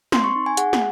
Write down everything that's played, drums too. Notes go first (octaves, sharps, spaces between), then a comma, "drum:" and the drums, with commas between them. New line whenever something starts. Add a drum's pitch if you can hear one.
C4 C6, drum: snare
C#6
D#4
G#5
G#4 F#5, drum: hi-hat
drum: snare